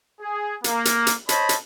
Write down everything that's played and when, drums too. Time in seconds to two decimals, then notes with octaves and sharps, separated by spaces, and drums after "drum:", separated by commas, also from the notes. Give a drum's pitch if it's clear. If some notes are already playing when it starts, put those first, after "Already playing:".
0.21 G#4
0.64 A#3, drum: hi-hat
0.85 drum: hi-hat
1.07 drum: hi-hat
1.29 C5 C#5 D#5 A5 B5, drum: hi-hat
1.49 drum: hi-hat